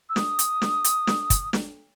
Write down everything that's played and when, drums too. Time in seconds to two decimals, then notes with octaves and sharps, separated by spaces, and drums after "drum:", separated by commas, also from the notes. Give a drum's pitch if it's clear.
0.09 E6
0.16 D#6, drum: snare
0.39 drum: hi-hat
0.62 drum: snare
0.84 drum: hi-hat
1.07 drum: snare
1.30 drum: kick, hi-hat
1.53 drum: snare